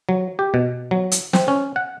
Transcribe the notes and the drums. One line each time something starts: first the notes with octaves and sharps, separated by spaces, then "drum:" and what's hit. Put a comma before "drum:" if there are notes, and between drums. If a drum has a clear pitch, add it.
F#3
G4
B2
F#3
drum: hi-hat
C4, drum: snare
C#4
F#5